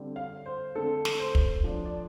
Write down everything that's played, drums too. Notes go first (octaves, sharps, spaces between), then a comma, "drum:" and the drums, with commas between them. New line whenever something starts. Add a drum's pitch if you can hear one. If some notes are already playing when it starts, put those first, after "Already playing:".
Already playing: D3 G3 C4
F5
C5
D3 A3 C4 A4
drum: snare
C5
drum: kick
A2 F3 D4
D5